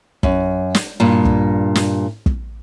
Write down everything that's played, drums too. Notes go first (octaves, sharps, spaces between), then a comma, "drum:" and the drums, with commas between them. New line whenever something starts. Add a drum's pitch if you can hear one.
F#2, drum: kick
drum: snare
G2 A#2
drum: kick
drum: snare
drum: kick